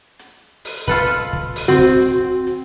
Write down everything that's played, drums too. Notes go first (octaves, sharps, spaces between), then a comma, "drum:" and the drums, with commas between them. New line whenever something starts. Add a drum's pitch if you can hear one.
drum: hi-hat
drum: open hi-hat
F4 A4 B4, drum: kick
drum: kick
drum: open hi-hat
C4 F#4
drum: kick
drum: hi-hat
drum: hi-hat